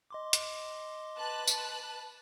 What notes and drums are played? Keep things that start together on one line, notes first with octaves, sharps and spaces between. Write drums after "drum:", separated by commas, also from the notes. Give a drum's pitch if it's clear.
D#5 C6 D6
drum: hi-hat
B4 A5 F#6
drum: tambourine